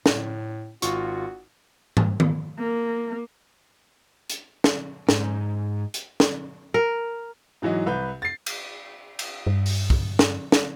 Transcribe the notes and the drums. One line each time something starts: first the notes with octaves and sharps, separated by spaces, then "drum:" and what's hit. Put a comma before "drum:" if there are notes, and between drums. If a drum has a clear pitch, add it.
A2, drum: snare
G#1 F4 F#4 C#6, drum: hi-hat
drum: tom G#2
drum: tom D#3
A#3
drum: hi-hat
drum: snare
G#2, drum: snare
drum: hi-hat
drum: snare
A#4
G#2 E3 F#3 F#4 D#5
C2 B4 G6
A6 C7
drum: cymbal
drum: cymbal
G2
drum: open hi-hat
drum: kick
drum: snare
drum: snare